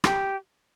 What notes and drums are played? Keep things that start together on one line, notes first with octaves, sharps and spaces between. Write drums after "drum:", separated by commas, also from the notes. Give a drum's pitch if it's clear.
G4, drum: rim click